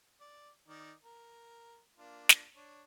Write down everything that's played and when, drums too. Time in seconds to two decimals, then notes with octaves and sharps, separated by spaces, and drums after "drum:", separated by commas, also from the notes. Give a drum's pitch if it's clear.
0.20 D5
0.68 D#3 D#4 D5
1.03 A#4
1.98 A#3 D4 F4
2.29 drum: snare
2.56 D4 C#5